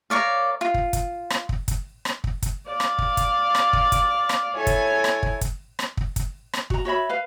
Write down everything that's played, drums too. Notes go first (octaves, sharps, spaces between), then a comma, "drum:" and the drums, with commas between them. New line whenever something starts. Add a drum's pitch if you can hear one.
A#4 C#5 D5 F5
F4
drum: kick
drum: kick, hi-hat
drum: rim click
drum: kick
drum: kick, hi-hat
drum: rim click
drum: kick
drum: kick, hi-hat
D5 F5
drum: rim click
drum: kick
drum: kick, hi-hat
drum: rim click
drum: kick
drum: kick, hi-hat
drum: rim click
E4 A4 C#5 G#5 G#6
drum: kick, hi-hat
drum: rim click
drum: kick
drum: kick, hi-hat
drum: rim click
drum: kick
drum: kick, hi-hat
drum: rim click
F#4 A#5, drum: kick
F#4 C#5 E5 B5
B4 F5